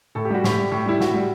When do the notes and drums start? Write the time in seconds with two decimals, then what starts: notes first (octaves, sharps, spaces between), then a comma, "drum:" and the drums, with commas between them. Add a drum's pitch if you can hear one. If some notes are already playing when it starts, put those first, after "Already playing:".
0.15 A2 A4
0.25 G4
0.30 G3 F#4
0.44 A2 G4, drum: snare
0.58 G3
0.71 A2
0.86 G3 E4
1.00 A2 F#4, drum: snare
1.14 G3